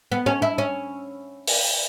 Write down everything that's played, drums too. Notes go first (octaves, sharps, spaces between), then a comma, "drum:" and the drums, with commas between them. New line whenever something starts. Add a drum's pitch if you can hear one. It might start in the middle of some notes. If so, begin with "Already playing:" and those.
B3
C#4
E4
C#4
drum: open hi-hat